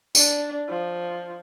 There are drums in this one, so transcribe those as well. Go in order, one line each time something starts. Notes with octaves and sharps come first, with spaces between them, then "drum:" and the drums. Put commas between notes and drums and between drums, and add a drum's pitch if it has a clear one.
D4, drum: tambourine
F3